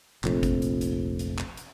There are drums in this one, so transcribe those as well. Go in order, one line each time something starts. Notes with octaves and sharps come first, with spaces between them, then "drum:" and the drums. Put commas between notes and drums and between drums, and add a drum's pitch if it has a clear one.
F1 A#1 F2, drum: clap
drum: kick, hi-hat
drum: hi-hat
drum: hi-hat
drum: hi-hat
drum: clap
drum: hi-hat